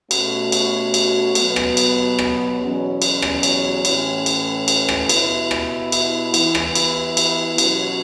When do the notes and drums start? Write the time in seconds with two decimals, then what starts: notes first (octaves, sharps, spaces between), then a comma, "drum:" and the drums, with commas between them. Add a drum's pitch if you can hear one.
0.11 B2 A3 C#4 F#4, drum: cymbal
0.52 drum: cymbal
0.94 drum: cymbal
1.35 B2 F#3 B3, drum: cymbal
1.56 drum: rim click
1.77 drum: cymbal
2.19 drum: rim click
2.60 E2 B2 F#3 C#4
3.02 drum: cymbal
3.22 drum: rim click
3.43 drum: cymbal
3.85 A2 E3 C#4, drum: cymbal
4.26 drum: cymbal
4.68 drum: cymbal
4.89 drum: rim click
5.09 B2 B3 E4, drum: cymbal
5.51 drum: rim click
5.92 drum: cymbal
6.34 E3 B3 E4, drum: cymbal
6.55 drum: rim click
6.75 drum: cymbal
7.17 drum: cymbal
7.58 B2 F#3 C#4 F#4, drum: cymbal